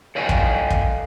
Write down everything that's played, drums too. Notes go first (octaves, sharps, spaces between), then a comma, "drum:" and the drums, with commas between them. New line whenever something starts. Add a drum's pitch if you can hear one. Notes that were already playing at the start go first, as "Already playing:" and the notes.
A4 D5 D#5 F5 G5 G#5
drum: kick
drum: kick